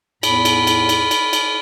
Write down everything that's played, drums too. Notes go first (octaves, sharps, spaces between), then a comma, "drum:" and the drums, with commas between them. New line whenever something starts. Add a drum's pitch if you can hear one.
E2 A2 B5, drum: cymbal
drum: cymbal
drum: cymbal
drum: cymbal
drum: cymbal
drum: cymbal